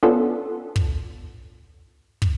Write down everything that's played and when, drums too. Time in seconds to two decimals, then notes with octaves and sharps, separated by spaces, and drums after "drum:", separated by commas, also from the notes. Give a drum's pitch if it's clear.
0.03 B3 C#4 D4 F4 A4
0.76 drum: kick
2.22 drum: kick